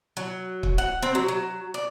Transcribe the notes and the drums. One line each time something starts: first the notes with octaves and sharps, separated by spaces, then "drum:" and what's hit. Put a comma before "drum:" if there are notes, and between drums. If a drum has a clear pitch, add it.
F#3
drum: kick
F#5
C4
F#3
F#3
D5